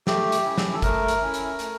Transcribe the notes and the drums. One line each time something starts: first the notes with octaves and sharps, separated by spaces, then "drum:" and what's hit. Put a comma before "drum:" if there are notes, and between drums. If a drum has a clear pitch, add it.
A3 G4, drum: snare
drum: hi-hat
C#4 E4
drum: snare
A4
A3 A#4, drum: kick G1, hi-hat
drum: hi-hat
C#4 E4
drum: hi-hat
A3, drum: hi-hat